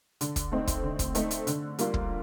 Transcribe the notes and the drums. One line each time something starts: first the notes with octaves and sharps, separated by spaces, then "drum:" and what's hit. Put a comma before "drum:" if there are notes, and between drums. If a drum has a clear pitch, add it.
D3, drum: hi-hat
drum: kick, hi-hat
A3 C4 D#4
drum: kick, hi-hat
D3
drum: kick, hi-hat
A3 C4 D#4, drum: hi-hat
drum: hi-hat
D3, drum: hi-hat
G3 A#3 F4, drum: hi-hat
drum: kick